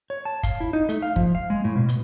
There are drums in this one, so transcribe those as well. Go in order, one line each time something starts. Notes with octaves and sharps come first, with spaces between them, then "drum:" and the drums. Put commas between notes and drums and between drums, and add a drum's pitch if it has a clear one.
C#5
A5
F5, drum: kick, hi-hat
E4
D#4
A3, drum: hi-hat
F5
F3, drum: kick
F5
G#3
A2
B2
drum: hi-hat